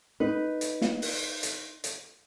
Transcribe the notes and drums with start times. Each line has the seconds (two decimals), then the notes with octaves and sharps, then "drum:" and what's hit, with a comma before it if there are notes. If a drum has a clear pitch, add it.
0.20 D#4 B4
0.61 drum: hi-hat
0.82 drum: snare
1.02 drum: open hi-hat
1.43 drum: hi-hat
1.84 drum: hi-hat